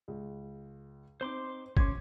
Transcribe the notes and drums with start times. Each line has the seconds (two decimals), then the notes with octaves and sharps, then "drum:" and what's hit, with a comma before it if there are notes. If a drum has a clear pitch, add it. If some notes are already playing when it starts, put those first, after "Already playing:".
0.08 C#2
1.21 C4 D#4 C5 C6 D6
1.77 C#4 C6 D6 G#6, drum: kick G1